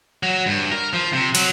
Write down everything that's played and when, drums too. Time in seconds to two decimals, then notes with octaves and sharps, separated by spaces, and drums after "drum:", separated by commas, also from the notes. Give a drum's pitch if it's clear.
0.23 F#3
0.46 G2
0.72 A#4
0.93 F3
1.13 C3
1.35 F#3, drum: cymbal